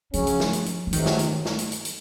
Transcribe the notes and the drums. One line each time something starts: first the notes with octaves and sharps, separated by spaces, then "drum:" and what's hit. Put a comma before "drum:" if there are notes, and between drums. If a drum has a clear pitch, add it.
C#3 F3 F#3 C#4, drum: hi-hat
drum: hi-hat
drum: snare
drum: hi-hat
drum: hi-hat
F3
C#2 C3 D#3 F#3, drum: hi-hat
drum: snare
drum: hi-hat
drum: snare
drum: hi-hat
drum: hi-hat
drum: hi-hat